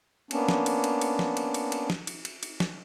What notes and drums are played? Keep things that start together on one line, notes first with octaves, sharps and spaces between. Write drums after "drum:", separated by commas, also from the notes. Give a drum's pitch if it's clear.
A#3 B3 C#4 D4, drum: cymbal
drum: snare
drum: cymbal
drum: cymbal
drum: cymbal
drum: snare
drum: cymbal
drum: cymbal
drum: cymbal
drum: snare
drum: cymbal
drum: cymbal
drum: cymbal
drum: snare